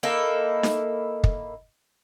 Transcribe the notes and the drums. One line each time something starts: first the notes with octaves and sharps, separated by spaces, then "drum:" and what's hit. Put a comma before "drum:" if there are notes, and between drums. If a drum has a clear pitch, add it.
A#3 D#4 E4 A4
drum: snare D#4
drum: kick